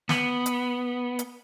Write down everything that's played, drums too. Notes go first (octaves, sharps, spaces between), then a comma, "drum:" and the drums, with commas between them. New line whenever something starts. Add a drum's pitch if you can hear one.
B3, drum: snare
drum: hi-hat
drum: hi-hat